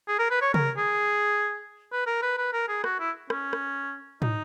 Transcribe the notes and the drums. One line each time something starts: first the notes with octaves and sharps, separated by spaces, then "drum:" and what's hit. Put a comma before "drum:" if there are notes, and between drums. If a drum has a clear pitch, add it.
G#4
A#4
B4
C#5
A#4, drum: tom
G#4
B4
A#4
B4
B4
A#4
G#4
F#4, drum: rim click
E4
C#4, drum: rim click
drum: rim click
D#4, drum: tom